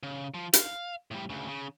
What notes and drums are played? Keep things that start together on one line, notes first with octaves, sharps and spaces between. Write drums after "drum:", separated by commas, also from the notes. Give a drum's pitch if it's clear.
C#3
F3
F5, drum: hi-hat
A2 G3
D2 C#3
C#3